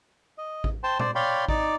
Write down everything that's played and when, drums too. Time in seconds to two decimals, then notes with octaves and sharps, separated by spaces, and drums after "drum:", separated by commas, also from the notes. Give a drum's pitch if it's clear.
0.38 D#5
0.64 drum: kick A1
0.84 C5 G5 A5 C6
0.99 C5 D5, drum: tom A#2
1.15 C#5 D5 F5 G5 B5 C6
1.49 D#4 D5 D6, drum: kick A1